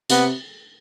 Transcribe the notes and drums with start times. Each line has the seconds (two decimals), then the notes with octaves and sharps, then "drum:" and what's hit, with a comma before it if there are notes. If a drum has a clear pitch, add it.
0.10 C3 B3, drum: tambourine